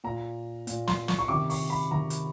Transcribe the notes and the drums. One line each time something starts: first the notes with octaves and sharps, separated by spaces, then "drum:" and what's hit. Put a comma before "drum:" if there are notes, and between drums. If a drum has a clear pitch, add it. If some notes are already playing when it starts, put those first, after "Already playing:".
A#2 A#5
A#2, drum: hi-hat
C6, drum: snare
C#6, drum: snare
C#6
C3 D#3 D6
C#6, drum: open hi-hat
B5
C3 D#3 A#5
drum: hi-hat